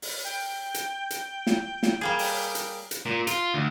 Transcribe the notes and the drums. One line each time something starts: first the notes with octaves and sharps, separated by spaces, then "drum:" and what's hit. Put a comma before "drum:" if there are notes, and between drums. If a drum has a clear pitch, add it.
drum: open hi-hat
G5
drum: hi-hat
drum: hi-hat
drum: snare
drum: snare
G3 A#3 G#4
drum: open hi-hat
drum: hi-hat
drum: hi-hat
A#2
F4, drum: hi-hat
D2